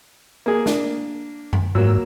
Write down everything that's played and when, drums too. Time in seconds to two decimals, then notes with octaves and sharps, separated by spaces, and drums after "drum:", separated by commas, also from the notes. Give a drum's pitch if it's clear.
0.46 A#3 G#4
0.66 A#3 D4, drum: snare
1.53 drum: tom F#2
1.75 G#2 F#3 A#3 E6